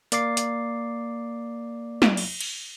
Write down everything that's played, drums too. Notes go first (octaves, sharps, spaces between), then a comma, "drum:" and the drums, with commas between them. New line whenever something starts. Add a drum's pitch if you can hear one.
A#3 D5 D6 C7, drum: hi-hat
drum: hi-hat
drum: snare
drum: cymbal
drum: cymbal